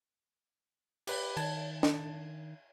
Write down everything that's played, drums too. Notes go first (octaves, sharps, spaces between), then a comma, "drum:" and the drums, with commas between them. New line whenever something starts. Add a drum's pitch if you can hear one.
G4 B4 B5, drum: cymbal
D#3 A5 G#6, drum: cymbal
drum: snare